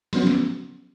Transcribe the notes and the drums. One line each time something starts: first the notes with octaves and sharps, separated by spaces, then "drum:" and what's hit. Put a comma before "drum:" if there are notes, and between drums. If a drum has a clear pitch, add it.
F3 F#3 B3 C#4 F#4, drum: open hi-hat
drum: snare